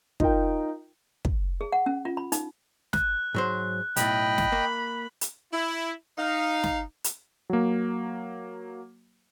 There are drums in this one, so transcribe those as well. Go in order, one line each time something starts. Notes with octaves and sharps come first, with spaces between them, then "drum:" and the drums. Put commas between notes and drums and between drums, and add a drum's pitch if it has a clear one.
D#4 F4 A#4 G5, drum: kick
drum: kick
G#4
F#5
C#4
F4
B5
D#4, drum: hi-hat
F#6, drum: snare
G#2 F#3 C5
B1 A2 D#5 G5 B5, drum: hi-hat
drum: snare
A#3
drum: hi-hat
E4
D#4 F5
drum: snare
drum: hi-hat
F#3 A#3